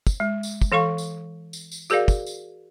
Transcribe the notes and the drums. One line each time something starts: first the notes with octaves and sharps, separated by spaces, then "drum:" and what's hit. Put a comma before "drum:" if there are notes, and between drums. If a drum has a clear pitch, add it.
drum: kick, tambourine
G#3
drum: tambourine
drum: kick, tambourine
E3 A4 F5 C#6
drum: tambourine
drum: tambourine
drum: tambourine
F#4 G#4 A#4 D5 F5, drum: tambourine
drum: kick, tambourine
drum: tambourine